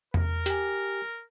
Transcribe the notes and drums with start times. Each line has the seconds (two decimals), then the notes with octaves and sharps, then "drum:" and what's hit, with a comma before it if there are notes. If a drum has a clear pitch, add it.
0.14 A#4, drum: tom E2
0.46 G4 G#5, drum: hi-hat